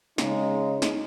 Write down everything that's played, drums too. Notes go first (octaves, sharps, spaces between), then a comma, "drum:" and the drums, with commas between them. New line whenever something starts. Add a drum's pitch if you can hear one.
C#3 G#3 D#4, drum: snare
drum: snare